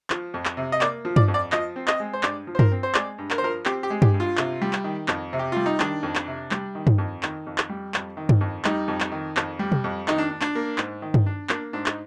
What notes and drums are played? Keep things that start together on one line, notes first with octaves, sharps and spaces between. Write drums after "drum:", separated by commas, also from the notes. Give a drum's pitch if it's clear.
F3, drum: clap
F2
drum: clap
C3
D#5
A#3 D5, drum: clap
F3
D5, drum: tom G2
F2
D5
F3 D#5, drum: clap
C4
D#5, drum: clap
G#3
C5
G2 D5, drum: clap
F3
C5
A#4, drum: tom G2
C4
C5
G#3 D5, drum: clap
G2
A#4, drum: clap
C5
F3 A#4
C4 G4, drum: clap
G4
G#3
G4, drum: tom G2
G2
F4
C3, drum: clap
G3
drum: clap
D#3
F2, drum: clap
C3
G4
G3 F4
D#4
D#3 D4, drum: clap
F2
drum: clap
C3
G3, drum: clap
D#3
drum: tom G2
F2
D#3, drum: clap
F2
drum: clap
G3
F2, drum: clap
D#3
drum: tom G2
F2
G3 D#4, drum: clap
F2
drum: clap
D#3
F2, drum: clap
G3
drum: tom
F2
D#3 D#4, drum: clap
D4
D4
D4, drum: clap
A#3
G#2, drum: clap
D#3
drum: tom G2
D4
A#3 D4, drum: clap
G#2 D4
D#4, drum: clap